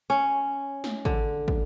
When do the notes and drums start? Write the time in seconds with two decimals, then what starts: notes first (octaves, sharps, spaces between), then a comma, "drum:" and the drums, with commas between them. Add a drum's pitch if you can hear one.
0.10 C#4
0.84 drum: snare
1.05 D3, drum: kick
1.48 drum: kick